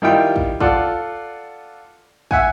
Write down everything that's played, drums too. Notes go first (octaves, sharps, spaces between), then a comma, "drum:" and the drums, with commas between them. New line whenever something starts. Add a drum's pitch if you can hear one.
D#3 G3 E4 F4 G5
drum: kick
F4 A4 D5 F#5, drum: kick
E5 F#5 G#5, drum: kick